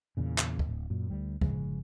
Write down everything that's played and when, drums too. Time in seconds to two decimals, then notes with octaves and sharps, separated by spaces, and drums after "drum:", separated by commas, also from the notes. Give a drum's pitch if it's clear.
0.17 E2 A#2 C#3
0.38 drum: clap
0.59 drum: kick
0.69 D1
0.90 F#2 A#2
1.10 D2 G3
1.41 G1 C#3 F3 G#3, drum: kick